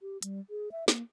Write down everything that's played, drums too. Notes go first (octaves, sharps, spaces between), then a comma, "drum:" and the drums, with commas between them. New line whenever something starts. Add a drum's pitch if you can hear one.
G4
G3, drum: hi-hat
G#4
E5
A#3, drum: snare